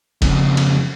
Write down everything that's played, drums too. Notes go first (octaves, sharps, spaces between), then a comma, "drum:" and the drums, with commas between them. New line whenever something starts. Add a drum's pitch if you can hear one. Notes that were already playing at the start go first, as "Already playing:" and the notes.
F2 C#3, drum: kick F1, cymbal
drum: cymbal